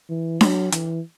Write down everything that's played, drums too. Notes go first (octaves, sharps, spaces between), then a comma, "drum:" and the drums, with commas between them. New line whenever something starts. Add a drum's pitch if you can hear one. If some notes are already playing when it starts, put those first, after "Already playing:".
E3
F#3, drum: snare D4
E3, drum: hi-hat